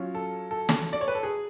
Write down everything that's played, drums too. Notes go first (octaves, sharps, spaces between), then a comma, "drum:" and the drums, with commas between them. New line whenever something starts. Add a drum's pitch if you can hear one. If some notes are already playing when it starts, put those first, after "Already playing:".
Already playing: F#3 C#4 F4
A4
A4
drum: snare
D5
C#5
B4
A4
G#4